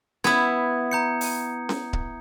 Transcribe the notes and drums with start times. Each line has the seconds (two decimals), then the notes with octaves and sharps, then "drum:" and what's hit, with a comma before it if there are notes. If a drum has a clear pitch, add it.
0.24 B3 E4 D#6 G#6, drum: snare C#4
0.91 A#5 G6 C#7
1.21 drum: open hi-hat
1.69 drum: snare C#4
1.93 drum: kick C#1